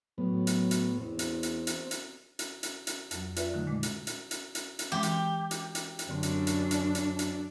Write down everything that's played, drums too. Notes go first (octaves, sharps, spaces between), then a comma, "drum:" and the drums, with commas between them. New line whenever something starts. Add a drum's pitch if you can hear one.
A2 F#3 B3
drum: hi-hat
drum: hi-hat
E2 C4
drum: hi-hat
drum: hi-hat
drum: hi-hat
drum: hi-hat
drum: hi-hat
drum: hi-hat
drum: hi-hat
F2 F#3, drum: hi-hat
F4 B4 D5 E5, drum: hi-hat
D3 D#3 F#3 A3 D#4
A#2 D3 D#3 G#3
drum: hi-hat
drum: hi-hat
drum: hi-hat
drum: hi-hat
drum: hi-hat
E3 G#3 C4 G4
drum: hi-hat
drum: hi-hat
drum: hi-hat
drum: hi-hat
F#2 D3 C4 D4
drum: hi-hat
drum: hi-hat
drum: hi-hat
drum: hi-hat
drum: hi-hat